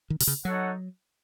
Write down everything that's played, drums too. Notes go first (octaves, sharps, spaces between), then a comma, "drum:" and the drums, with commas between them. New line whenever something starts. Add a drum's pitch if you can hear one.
D#3
C3, drum: open hi-hat
C#3
F#3 D#4 A4 C#5 F#5